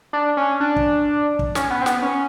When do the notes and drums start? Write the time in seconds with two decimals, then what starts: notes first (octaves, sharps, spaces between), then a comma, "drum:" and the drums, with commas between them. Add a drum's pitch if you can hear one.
0.13 D4
0.37 C#4
0.60 D4
0.76 drum: kick
1.39 drum: kick
1.55 C#4, drum: snare
1.70 B3
1.82 C4
1.86 B3, drum: snare
2.02 C#4